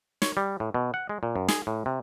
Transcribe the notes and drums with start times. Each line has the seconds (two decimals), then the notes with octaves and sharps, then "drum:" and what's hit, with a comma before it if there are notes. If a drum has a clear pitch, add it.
0.22 C#5, drum: snare
0.37 G3
0.60 A2
0.74 B2
0.94 F#5
1.09 G#3
1.23 A#2
1.36 F#2
1.48 G#4, drum: snare
1.67 A2
1.86 C3